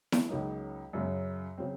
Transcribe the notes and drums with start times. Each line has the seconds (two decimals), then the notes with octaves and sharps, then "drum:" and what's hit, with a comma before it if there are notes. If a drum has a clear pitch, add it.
0.12 drum: snare E4
0.29 C#2 C#3 F#3 A#3 D#4
0.93 F#2 C#3 F#3
1.58 C#3 F#3 C4